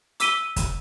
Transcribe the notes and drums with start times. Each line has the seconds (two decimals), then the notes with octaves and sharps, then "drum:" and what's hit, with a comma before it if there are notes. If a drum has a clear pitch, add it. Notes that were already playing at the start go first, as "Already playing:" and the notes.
0.20 D6 E6 B6 D#7 G7, drum: hi-hat
0.56 drum: kick, hi-hat